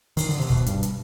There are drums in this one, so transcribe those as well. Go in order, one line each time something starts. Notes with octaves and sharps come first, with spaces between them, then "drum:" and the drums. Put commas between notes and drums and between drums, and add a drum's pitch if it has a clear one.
D#3, drum: open hi-hat
D3
C3
B2, drum: kick
G2, drum: hi-hat
drum: hi-hat